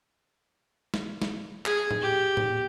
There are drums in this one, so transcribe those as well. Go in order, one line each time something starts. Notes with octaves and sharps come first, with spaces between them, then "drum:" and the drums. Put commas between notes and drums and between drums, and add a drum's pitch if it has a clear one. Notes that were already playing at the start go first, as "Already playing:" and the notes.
drum: snare
drum: snare
G#4, drum: clap
drum: tom A2
G4
drum: tom A2